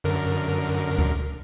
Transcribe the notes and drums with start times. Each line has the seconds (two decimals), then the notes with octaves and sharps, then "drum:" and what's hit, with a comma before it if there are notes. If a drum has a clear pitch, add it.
0.04 F#2 D3 A#4
0.99 drum: kick D2